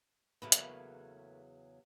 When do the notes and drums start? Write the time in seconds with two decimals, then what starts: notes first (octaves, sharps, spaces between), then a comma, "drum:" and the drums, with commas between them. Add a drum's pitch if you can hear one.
0.42 E2 C#3 F#3 A3 A#3 B4
0.52 drum: hi-hat